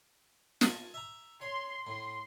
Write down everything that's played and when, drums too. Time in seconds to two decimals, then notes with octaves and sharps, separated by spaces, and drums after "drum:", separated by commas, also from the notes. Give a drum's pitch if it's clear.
0.61 G#5 A5, drum: snare
0.94 E5 A#5
1.41 C#5 C6
1.87 A2 C6